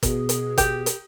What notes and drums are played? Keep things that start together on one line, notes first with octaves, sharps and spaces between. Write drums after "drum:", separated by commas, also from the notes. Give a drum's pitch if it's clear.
B2 G#4, drum: kick, hi-hat
drum: hi-hat
G4, drum: kick, hi-hat
drum: hi-hat